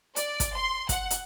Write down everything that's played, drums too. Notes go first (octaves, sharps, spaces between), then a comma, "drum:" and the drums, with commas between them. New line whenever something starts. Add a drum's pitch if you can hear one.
D5, drum: hi-hat
drum: kick, hi-hat
C6
F#5, drum: kick, hi-hat
drum: hi-hat